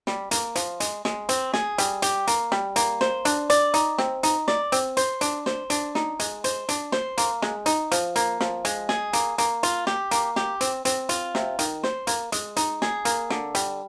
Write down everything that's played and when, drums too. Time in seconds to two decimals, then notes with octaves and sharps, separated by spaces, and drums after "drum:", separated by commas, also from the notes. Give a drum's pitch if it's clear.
0.07 G3, drum: snare
0.31 A#3, drum: hi-hat
0.56 F3, drum: hi-hat
0.80 G#3, drum: hi-hat
1.05 G#3, drum: snare
1.29 C4, drum: hi-hat
1.54 G#4, drum: snare
1.78 G3, drum: hi-hat
2.02 G4, drum: hi-hat
2.27 A#3, drum: hi-hat
2.52 G3, drum: snare
2.76 A#3, drum: hi-hat
3.01 C5, drum: snare
3.25 D4, drum: hi-hat
3.50 D5, drum: hi-hat
3.74 D#4, drum: hi-hat
3.98 C4, drum: snare
4.23 D#4, drum: hi-hat
4.48 D5, drum: snare
4.72 C4, drum: hi-hat
4.97 C5, drum: hi-hat
5.21 D4, drum: hi-hat
5.46 C5, drum: snare
5.70 D4, drum: hi-hat
5.95 D#4, drum: snare
6.20 G#3, drum: hi-hat
6.44 C5, drum: hi-hat
6.69 D4, drum: hi-hat
6.92 C5, drum: snare
7.18 A#3, drum: hi-hat
7.42 G#3, drum: snare
7.66 D#4, drum: hi-hat
7.92 F3, drum: hi-hat
8.16 A#3, drum: hi-hat
8.41 F3, drum: snare
8.65 G#3, drum: hi-hat
8.89 G#4, drum: snare
9.13 A#3, drum: hi-hat
9.38 A#3, drum: hi-hat
9.63 F4, drum: hi-hat
9.87 G4, drum: snare
10.11 A#3, drum: hi-hat
10.36 G4, drum: snare
10.61 C4, drum: hi-hat
10.85 C4, drum: hi-hat
11.09 F4, drum: hi-hat
11.35 C3, drum: snare
11.59 D#3, drum: hi-hat
11.83 C5, drum: snare
12.07 A#3, drum: hi-hat
12.32 G#3, drum: hi-hat
12.56 D#4, drum: hi-hat
12.82 G#4, drum: snare
13.05 A#3, drum: hi-hat
13.30 D3, drum: snare
13.55 G3, drum: hi-hat